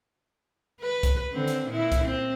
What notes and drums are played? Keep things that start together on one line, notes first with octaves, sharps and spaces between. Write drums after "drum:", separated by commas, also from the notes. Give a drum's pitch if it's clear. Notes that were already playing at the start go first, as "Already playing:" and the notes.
B4
drum: kick C2, hi-hat
D3 C4
drum: hi-hat
A#2 E4
drum: kick C2, hi-hat
C4